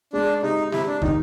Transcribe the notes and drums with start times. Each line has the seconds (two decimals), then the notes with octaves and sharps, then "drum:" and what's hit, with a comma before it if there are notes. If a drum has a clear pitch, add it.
0.13 G#3 D4
0.42 C3 D#4
0.72 C3 E4, drum: snare
0.87 D4
1.02 D#3 D#4, drum: kick